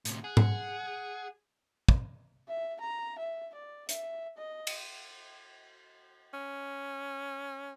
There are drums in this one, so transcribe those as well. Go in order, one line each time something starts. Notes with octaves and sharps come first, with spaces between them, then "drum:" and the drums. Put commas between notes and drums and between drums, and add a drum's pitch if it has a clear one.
A2 C3, drum: hi-hat
G#4 F#5
drum: tom G#2
drum: kick
E5
A#5
E5
D5
E5, drum: hi-hat
D#5
drum: cymbal
C#4